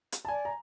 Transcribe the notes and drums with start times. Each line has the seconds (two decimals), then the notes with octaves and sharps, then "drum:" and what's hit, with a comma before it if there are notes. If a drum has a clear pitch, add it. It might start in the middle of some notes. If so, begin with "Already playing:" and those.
0.12 drum: hi-hat
0.25 A5
0.28 D5 G#5
0.45 A#5